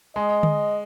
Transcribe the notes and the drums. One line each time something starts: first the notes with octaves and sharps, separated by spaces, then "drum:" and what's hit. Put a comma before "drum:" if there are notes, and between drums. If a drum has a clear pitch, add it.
G#3 D#5
drum: tom D3